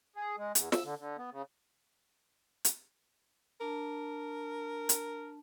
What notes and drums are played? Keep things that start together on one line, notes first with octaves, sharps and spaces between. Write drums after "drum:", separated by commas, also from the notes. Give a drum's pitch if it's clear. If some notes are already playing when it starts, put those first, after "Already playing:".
G#4
G#3
E2, drum: hi-hat
E6, drum: snare
D3
D3
B3
C#3
drum: hi-hat
D4 A#4 A5
drum: hi-hat